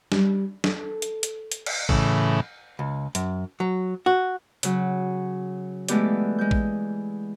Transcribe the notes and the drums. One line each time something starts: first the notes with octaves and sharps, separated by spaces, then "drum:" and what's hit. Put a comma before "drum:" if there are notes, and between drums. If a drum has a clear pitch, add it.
G3, drum: snare
A4, drum: snare
drum: hi-hat
drum: hi-hat
drum: hi-hat
drum: cymbal
A2 C#3 E3, drum: kick
C#2
F#2, drum: hi-hat
F#3
F#4
C#3 F#3, drum: hi-hat
E3 G#3 A3 B3 G4 D5, drum: hi-hat
G#3 G6
drum: kick